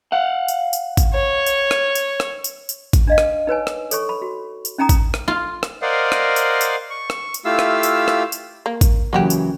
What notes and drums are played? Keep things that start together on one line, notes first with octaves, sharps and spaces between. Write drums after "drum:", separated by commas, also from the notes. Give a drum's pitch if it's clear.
F5 F#5
drum: tambourine
drum: tambourine
drum: kick G#1, tambourine
C#5
drum: tambourine
drum: rim click
drum: tambourine
drum: rim click
drum: tambourine
drum: tambourine
drum: kick G#1, tambourine
D4 D#5 F5
drum: rim click
D#4 B4 C#5 G#5
drum: rim click
A4 C#5 C#6, drum: tambourine
B5
F#4
drum: tambourine
C#4 D#4 G5 A#5 D#6
drum: kick G#1, tambourine
drum: rim click
F4
drum: rim click
A#4 C5 D5 D#5 F5 F#5
drum: rim click
drum: tambourine
drum: tambourine
C#6
drum: rim click
drum: tambourine
A3 E4 F4 G4 F5 E6
drum: rim click
drum: tambourine
drum: rim click
drum: tambourine
A#3
drum: kick G#1, tambourine
C#3 E3 F#3 A#3 F#4 G4
drum: tambourine